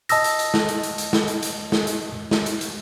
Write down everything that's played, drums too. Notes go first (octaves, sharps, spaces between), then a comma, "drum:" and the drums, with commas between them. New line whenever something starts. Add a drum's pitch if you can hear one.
D#5 A5 D#6 E6 A#6, drum: hi-hat
drum: hi-hat
drum: hi-hat
drum: snare
drum: hi-hat
drum: hi-hat
drum: hi-hat
drum: snare
drum: hi-hat
drum: hi-hat
drum: snare
drum: hi-hat
drum: snare
drum: hi-hat
drum: hi-hat